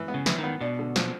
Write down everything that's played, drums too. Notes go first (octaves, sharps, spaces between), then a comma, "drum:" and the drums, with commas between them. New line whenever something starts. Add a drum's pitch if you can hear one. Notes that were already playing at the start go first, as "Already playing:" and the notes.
Already playing: E3
B3
C#3
E3, drum: snare
D#3 B3
B2 D4
D3
F3, drum: snare